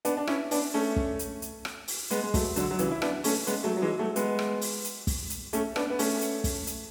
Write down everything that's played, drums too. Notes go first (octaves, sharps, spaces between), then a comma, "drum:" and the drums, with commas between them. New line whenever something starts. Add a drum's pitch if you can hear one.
B3 D4, drum: hi-hat
D4
C#4 E4, drum: rim click
B3 D4, drum: open hi-hat
A3 C#4
drum: kick
drum: hi-hat
drum: hi-hat
drum: rim click
drum: open hi-hat
G#3 B3, drum: hi-hat
G#3
F#3 A3, drum: kick, open hi-hat
D3 F#3, drum: hi-hat
F#3
C#3 E3, drum: hi-hat
E4
B3 D4, drum: rim click
A3 C#4, drum: open hi-hat
G#3 B3, drum: hi-hat
F#3 A3
F#3
E3 G#3
F#3 A3
G#3 B3, drum: hi-hat
drum: rim click
drum: open hi-hat
drum: hi-hat
drum: kick, open hi-hat
drum: hi-hat
A3 C#4, drum: hi-hat
B3 D4, drum: rim click
B3
A3 C#4, drum: open hi-hat
drum: hi-hat
drum: kick, open hi-hat
drum: hi-hat